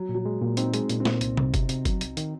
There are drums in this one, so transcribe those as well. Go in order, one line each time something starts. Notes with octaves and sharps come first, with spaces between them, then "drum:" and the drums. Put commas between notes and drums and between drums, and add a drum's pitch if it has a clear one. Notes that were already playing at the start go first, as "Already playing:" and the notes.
Already playing: F#3
A#2
F#3
G#3
A#2
C4 D#4, drum: hi-hat
G#3, drum: hi-hat
A#2, drum: hi-hat
C4
A#2, drum: snare
C2, drum: hi-hat
C2, drum: tom C3
C3, drum: kick F#1, hi-hat
C3, drum: hi-hat
F#3, drum: kick F#1, hi-hat
C2, drum: hi-hat
D#3, drum: hi-hat